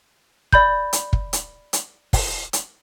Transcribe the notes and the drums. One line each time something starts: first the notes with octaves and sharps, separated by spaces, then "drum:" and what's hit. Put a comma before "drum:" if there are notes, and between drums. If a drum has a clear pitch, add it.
D5 B5 G6, drum: kick
drum: hi-hat
drum: kick
drum: hi-hat
drum: hi-hat
drum: kick, open hi-hat
drum: hi-hat